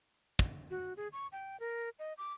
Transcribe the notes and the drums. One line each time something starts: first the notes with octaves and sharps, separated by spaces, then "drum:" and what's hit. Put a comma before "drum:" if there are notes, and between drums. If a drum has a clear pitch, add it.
drum: kick
F#4
G#4
C#6
G5
A#4
D#5
D6